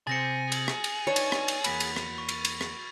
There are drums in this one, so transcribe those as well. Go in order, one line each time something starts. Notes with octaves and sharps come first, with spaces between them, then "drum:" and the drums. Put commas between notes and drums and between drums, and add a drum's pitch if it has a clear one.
C3 C4 G#4 C5 A6 A#6 C#7
drum: cymbal
drum: rim click
drum: cymbal
B3 D4 D#4 C#5
drum: cymbal
drum: rim click
drum: cymbal
E2 A#3 F#4 B5 B6, drum: cymbal
drum: cymbal
drum: rim click
C#6
drum: cymbal
drum: cymbal
drum: rim click